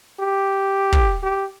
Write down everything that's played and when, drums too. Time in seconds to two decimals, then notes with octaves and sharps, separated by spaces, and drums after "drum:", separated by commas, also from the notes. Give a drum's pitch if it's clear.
0.19 G4
0.92 drum: kick
1.23 G4